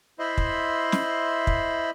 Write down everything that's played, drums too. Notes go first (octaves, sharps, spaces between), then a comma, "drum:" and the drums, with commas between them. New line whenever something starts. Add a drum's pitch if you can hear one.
E4 C5 D#5 E5 B5 C6
drum: kick
drum: snare
drum: kick